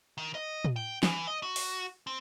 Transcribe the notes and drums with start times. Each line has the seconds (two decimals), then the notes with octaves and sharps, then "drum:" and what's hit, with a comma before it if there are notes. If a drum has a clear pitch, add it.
0.18 D#3
0.35 D#5
0.65 drum: tom
0.76 G5
1.03 E3, drum: snare
1.27 D#5
1.43 F#4
1.56 drum: open hi-hat
2.07 C4